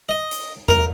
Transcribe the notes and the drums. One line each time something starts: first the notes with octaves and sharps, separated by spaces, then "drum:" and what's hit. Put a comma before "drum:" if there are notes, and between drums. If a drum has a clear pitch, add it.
D#5
drum: hi-hat
A#4, drum: tom E2